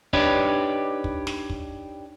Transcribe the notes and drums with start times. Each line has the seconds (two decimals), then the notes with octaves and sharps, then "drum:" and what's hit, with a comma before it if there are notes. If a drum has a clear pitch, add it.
0.13 D4 D#4 G4 B4 C#5 D5, drum: kick
1.04 drum: kick
1.27 drum: snare
1.50 drum: kick